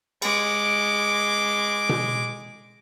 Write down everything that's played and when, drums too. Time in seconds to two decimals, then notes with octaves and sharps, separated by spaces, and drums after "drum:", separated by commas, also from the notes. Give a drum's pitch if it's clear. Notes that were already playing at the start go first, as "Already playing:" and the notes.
0.22 G#3 D6, drum: cymbal
1.89 drum: tom B2